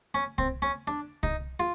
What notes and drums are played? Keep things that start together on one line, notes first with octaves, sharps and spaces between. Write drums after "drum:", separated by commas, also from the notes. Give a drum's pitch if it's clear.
C#4
C4, drum: kick C2
C#4
D4
D#4, drum: kick C2
F4